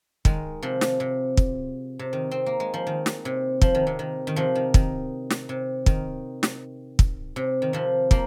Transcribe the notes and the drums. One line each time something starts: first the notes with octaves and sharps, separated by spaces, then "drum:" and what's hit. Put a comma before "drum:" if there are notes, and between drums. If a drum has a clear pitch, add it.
D#3 G#3, drum: kick
C3 F3
drum: snare
C3
drum: kick
C3
D#3
C4
A#3
G#3
F3
D#3
drum: snare
C3
F3, drum: kick
D#3
C3
D#3
D#3
C3 F3
D#3
D#3, drum: kick
drum: snare
C3
D#3, drum: kick
drum: snare
drum: kick
C3
D#3
C3 F3
F3 A#3, drum: kick